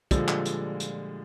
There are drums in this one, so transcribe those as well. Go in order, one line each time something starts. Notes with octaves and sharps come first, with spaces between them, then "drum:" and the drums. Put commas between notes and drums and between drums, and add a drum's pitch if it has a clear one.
A#2 D3 F3 G3 G#3, drum: kick, hi-hat
drum: clap
drum: hi-hat
drum: hi-hat